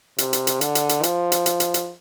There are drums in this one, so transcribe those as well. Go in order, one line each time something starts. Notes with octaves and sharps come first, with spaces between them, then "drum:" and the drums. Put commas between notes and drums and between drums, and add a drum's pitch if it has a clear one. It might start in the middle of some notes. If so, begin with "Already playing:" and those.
C3, drum: hi-hat
drum: hi-hat
drum: hi-hat
D3, drum: hi-hat
drum: hi-hat
drum: hi-hat
F3, drum: hi-hat
drum: hi-hat
drum: hi-hat
drum: hi-hat
drum: hi-hat